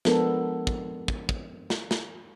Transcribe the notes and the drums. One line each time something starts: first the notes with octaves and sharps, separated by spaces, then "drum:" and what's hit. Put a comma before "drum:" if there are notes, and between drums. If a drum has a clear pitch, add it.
F3 G#3 B3 D4 A4 A#4, drum: snare
drum: kick
drum: kick
drum: kick
drum: snare
drum: snare